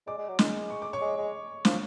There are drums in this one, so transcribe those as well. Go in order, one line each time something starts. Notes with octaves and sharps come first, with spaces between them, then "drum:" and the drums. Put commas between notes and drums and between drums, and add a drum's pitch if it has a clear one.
G#3 D5 D6
G#3
F#3
G#3, drum: snare
C#6
D6
C#5 C#6
G#3
G#3
F3, drum: snare